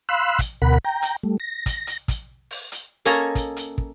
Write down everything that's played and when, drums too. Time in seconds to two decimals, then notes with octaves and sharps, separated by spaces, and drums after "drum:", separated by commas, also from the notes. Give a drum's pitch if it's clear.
0.09 F5 B5 C6 E6 F#6
0.39 drum: kick, hi-hat
0.62 D2 B2 A#4 F#5 B5
0.85 G5 A#5
1.02 drum: hi-hat
1.23 G3 A3
1.40 A#6
1.66 drum: kick, hi-hat
1.87 drum: hi-hat
2.08 drum: kick, hi-hat
2.51 drum: open hi-hat
2.72 drum: hi-hat
3.05 A#3 C#4 A4 C#5 D#5 A#5
3.35 drum: kick, hi-hat
3.56 drum: hi-hat
3.78 drum: kick